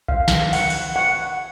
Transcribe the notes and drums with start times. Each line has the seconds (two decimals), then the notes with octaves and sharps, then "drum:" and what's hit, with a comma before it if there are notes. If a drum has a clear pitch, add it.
0.08 F5, drum: kick C2
0.28 drum: snare
0.53 F#5, drum: open hi-hat
0.70 drum: cymbal
0.96 F#5